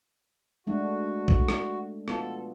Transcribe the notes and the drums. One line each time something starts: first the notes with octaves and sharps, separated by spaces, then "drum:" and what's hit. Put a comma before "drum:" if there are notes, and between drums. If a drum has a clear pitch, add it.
G#3 A3 D4 F#4
drum: kick B1
drum: rim click
B3 F4 F#4 A4, drum: rim click